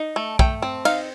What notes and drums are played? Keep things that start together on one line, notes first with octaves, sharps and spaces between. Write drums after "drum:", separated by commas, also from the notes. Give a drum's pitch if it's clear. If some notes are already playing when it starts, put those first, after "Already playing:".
Already playing: D#4
A3
A3 G5, drum: kick
C4
D#4 F5, drum: cymbal